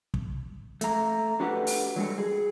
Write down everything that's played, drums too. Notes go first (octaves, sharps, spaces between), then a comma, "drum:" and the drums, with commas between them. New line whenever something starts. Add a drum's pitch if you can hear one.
drum: kick
A3 A#5, drum: hi-hat
D4 F#4 G4 A4 B4 F#5
drum: open hi-hat
F#3 G3 A4
G#4